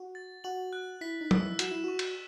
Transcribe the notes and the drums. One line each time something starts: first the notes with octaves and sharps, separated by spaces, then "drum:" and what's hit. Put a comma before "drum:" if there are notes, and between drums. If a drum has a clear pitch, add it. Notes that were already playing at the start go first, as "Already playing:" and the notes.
Already playing: F#4
A6
F#4 F#7
F#6
E4 B6
D#4
E6, drum: tom
E4
F#4 E7, drum: hi-hat
E4
F#4 C#6
drum: cymbal